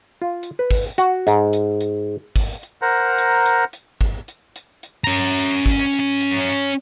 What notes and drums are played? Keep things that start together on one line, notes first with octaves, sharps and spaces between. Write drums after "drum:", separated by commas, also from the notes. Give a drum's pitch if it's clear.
F4
drum: hi-hat
B4
drum: kick, open hi-hat
F#4, drum: hi-hat
G#2, drum: hi-hat
drum: hi-hat
drum: hi-hat
drum: kick, open hi-hat
drum: hi-hat
A#4 C5 F#5 A#5
drum: hi-hat
drum: hi-hat
drum: hi-hat
drum: kick
drum: hi-hat
drum: hi-hat
drum: hi-hat
C#4 A#5
drum: hi-hat
drum: kick, open hi-hat
drum: hi-hat
drum: hi-hat
drum: hi-hat